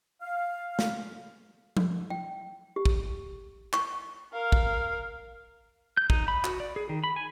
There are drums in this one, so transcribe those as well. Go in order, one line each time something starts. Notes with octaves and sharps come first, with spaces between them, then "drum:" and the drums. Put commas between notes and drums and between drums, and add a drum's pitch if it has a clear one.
F5
drum: snare
drum: tom F3
G5
G4
drum: kick
C#6, drum: clap
A#4 F5
drum: kick
G6
D#4, drum: kick
B5
F#4, drum: clap
D5
G#4
D#3
B5
G#5